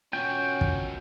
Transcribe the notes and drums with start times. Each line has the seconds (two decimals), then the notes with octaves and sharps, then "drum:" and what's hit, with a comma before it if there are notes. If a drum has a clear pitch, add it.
0.13 A#2 C#4 F#4 G5
0.61 drum: kick